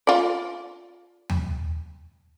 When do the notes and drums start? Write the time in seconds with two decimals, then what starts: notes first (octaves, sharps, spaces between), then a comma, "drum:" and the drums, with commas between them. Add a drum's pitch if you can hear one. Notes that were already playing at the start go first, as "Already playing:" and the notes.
0.07 F4 D5
1.30 drum: tom